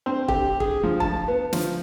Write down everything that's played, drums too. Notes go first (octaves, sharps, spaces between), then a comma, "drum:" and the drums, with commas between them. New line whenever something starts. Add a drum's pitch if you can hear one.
C4
G4, drum: kick
G#4, drum: kick
F3
A5, drum: kick
B3
F3, drum: snare